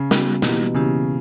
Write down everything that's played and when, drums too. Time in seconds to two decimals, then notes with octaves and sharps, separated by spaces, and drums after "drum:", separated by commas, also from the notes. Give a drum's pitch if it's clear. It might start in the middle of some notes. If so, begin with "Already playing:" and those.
Already playing: C#3
0.11 G3 B3 F#4, drum: snare
0.42 B2 E3 A#3 E4 G4, drum: snare
0.74 C#3 E3 A#3 E4 G4